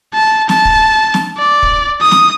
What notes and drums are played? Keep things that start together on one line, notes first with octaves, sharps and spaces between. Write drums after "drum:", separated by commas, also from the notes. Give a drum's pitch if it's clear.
A5
A5, drum: snare
drum: kick
drum: snare
D5
drum: kick
D#6
drum: snare